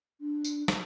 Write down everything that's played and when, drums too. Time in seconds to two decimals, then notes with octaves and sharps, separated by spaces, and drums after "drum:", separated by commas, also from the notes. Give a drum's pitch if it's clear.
0.21 D4
0.44 drum: tambourine
0.68 drum: snare